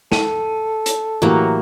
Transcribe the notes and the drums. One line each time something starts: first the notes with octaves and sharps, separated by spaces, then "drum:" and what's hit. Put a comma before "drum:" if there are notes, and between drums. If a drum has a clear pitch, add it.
A4 D#7, drum: snare
drum: hi-hat
A2 E3 F#3 A#3 G4